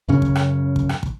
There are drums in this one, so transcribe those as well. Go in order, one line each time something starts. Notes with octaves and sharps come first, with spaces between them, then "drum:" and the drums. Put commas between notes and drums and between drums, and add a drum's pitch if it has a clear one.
F#2 C#3 C#4
drum: kick
drum: rim click
drum: kick
drum: rim click
drum: kick